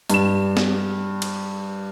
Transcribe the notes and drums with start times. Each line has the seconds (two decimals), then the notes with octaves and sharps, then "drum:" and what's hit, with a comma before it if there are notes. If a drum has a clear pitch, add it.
0.10 G2 E7, drum: hi-hat
0.57 drum: snare
1.22 drum: cymbal